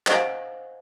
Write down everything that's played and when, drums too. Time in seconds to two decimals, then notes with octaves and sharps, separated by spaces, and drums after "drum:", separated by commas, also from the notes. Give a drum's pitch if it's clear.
0.07 C5 D#5 F5 F#5 G#5, drum: clap